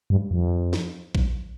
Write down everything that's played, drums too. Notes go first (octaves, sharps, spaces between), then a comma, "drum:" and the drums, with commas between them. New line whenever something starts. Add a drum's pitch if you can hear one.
G2
F2
drum: snare
drum: kick A#1